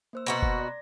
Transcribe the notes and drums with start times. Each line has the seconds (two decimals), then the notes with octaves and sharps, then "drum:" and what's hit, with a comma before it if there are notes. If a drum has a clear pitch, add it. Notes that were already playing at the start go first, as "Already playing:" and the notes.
0.13 A#3 C5 E6
0.26 B2 F#4 B4 A#5 C6 A#6
0.43 A#6, drum: kick F#1
0.58 D5